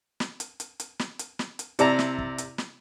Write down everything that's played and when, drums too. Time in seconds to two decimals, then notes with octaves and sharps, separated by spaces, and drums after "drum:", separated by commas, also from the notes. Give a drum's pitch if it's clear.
0.20 drum: snare
0.40 drum: hi-hat
0.60 drum: hi-hat
0.80 drum: hi-hat
0.99 drum: snare
1.19 drum: hi-hat
1.39 drum: snare
1.59 drum: hi-hat
1.79 C3 E4 D5 A5 A#5, drum: hi-hat
1.99 drum: snare
2.18 drum: kick
2.38 drum: hi-hat
2.58 drum: snare